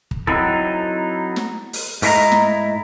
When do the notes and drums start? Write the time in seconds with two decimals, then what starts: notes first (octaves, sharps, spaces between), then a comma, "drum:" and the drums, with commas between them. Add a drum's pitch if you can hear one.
0.11 drum: kick
0.27 F#3 C4 D#4 E4 A4, drum: kick
1.36 drum: snare
1.73 drum: open hi-hat
2.02 G#2 A3 E4 G#4 D#5 A#5, drum: open hi-hat
2.32 drum: snare